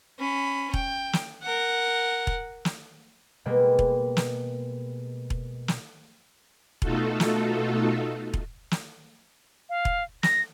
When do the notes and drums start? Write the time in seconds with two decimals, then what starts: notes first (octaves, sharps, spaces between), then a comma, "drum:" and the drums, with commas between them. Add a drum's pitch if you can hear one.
0.19 C#4 B5
0.74 G5, drum: kick E1
1.13 drum: snare
1.43 A#4 F#5
2.27 drum: kick E1
2.65 drum: snare
3.46 B2 G3 G#3 A#3
3.79 drum: kick E1
4.17 drum: snare
5.30 drum: kick E1
5.68 drum: snare
6.82 B2 A3 D#4 F4 F#4 A4, drum: kick E1
7.20 drum: snare
8.34 drum: kick E1
8.71 drum: snare
9.70 F5
9.85 drum: kick E1
10.23 A#6, drum: snare